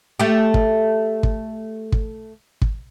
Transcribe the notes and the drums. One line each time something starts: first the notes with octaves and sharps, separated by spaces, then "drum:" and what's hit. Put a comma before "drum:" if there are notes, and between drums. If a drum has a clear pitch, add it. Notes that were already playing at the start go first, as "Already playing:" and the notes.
A3 G4
drum: kick
drum: kick
drum: kick
drum: kick